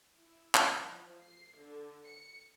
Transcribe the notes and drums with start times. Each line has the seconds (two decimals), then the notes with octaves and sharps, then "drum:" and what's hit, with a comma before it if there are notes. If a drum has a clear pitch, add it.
0.17 E4
0.55 drum: clap
0.80 F3
1.22 C7
1.62 D3
2.05 C#7